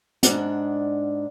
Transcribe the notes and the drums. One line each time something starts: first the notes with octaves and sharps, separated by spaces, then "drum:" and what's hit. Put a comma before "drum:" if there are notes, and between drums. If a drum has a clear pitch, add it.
G#2 D4 F#5, drum: hi-hat